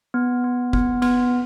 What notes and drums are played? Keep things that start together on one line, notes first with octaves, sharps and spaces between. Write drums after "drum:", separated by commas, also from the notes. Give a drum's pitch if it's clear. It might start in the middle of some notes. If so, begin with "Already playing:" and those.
B3
B3
B3, drum: kick F#1
B3, drum: cymbal